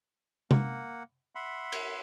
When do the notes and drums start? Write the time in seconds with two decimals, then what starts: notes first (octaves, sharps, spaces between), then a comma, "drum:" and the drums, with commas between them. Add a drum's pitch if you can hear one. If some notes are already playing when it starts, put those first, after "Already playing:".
0.51 A#3 F#5, drum: tom C3
1.35 E5 F#5 B5 C6
1.72 drum: cymbal